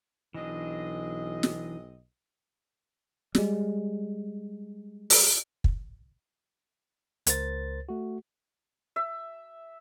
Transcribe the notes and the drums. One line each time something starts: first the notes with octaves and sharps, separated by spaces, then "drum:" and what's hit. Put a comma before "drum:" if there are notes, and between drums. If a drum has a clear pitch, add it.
B1 E3 G#3 C4 D4 D#5
drum: snare
G3 G#3, drum: snare
drum: open hi-hat
drum: kick
C#2 A#4 C5 A6, drum: hi-hat
A3 F#4
E5